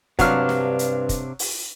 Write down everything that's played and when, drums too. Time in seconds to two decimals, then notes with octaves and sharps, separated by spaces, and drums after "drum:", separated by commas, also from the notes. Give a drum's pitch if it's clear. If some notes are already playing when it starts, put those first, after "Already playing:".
0.19 G2 C3 F#3 D4 F5 F6, drum: kick, hi-hat
0.49 drum: snare
0.79 drum: hi-hat
1.09 drum: kick, hi-hat
1.39 drum: open hi-hat